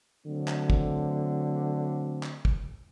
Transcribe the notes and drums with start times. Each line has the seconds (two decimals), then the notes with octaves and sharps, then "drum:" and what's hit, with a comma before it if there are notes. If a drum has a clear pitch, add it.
0.26 D3 F#3 A3 C4
0.48 drum: clap
0.70 drum: kick
2.23 drum: clap
2.45 drum: kick